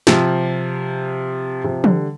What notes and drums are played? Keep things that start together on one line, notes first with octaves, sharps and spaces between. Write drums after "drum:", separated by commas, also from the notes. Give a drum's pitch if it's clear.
C3 F3, drum: snare
C3 F3
D3 G3, drum: tom